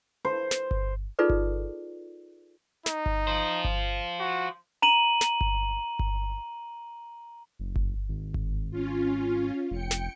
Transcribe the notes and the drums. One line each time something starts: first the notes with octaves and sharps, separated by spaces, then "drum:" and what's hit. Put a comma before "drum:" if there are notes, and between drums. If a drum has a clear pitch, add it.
C5
drum: snare
drum: kick G1
D#4 F4 G#4 A4 B4 D5
drum: kick G1
D#4, drum: snare
drum: kick G1
F4 C5
drum: kick G1
F#4
A#5 D#7 F#7
drum: snare
drum: kick G1
drum: kick G1
F#1
drum: kick G1
G#1
drum: kick G1
C#4 F4
F1 G5 C#7
drum: snare